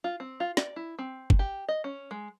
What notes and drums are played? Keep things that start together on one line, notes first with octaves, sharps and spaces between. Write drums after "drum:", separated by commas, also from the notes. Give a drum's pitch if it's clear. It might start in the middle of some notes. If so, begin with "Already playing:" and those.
F4
C4
F4
D5, drum: snare
E4
C4
drum: kick G1
G4
D#5
C#4
G#3